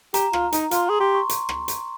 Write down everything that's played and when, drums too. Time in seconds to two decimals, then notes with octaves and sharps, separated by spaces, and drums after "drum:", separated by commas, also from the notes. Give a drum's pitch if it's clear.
0.14 G4 A#5, drum: hi-hat
0.33 F4, drum: rim click
0.52 D#4, drum: hi-hat
0.71 F4 C6, drum: hi-hat
0.86 G#4 A#5
1.00 G4 C6
1.15 C#6
1.29 drum: hi-hat
1.49 drum: rim click
1.68 drum: hi-hat